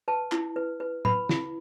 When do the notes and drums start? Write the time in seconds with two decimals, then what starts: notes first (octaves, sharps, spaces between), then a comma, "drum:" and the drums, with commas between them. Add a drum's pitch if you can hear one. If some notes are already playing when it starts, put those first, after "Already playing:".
0.08 B4 A5
0.32 E4, drum: clap
0.56 B4
0.80 B4
1.05 B4 B5, drum: tom
1.29 E4, drum: snare